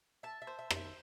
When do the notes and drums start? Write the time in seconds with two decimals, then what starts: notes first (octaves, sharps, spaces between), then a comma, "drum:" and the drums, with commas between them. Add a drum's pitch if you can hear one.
0.23 E5 A5
0.42 E5
0.47 C5
0.59 E5
0.70 C5, drum: rim click
0.77 E5